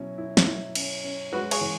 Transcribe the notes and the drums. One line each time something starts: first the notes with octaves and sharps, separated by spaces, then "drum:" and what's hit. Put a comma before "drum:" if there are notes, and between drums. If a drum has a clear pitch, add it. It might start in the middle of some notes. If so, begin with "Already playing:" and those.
Already playing: B2 F#3 C#4 E4
E4
drum: snare
E4
C#4, drum: cymbal
C#4
G#3 F#4 B4
G#4 C#5, drum: cymbal
E3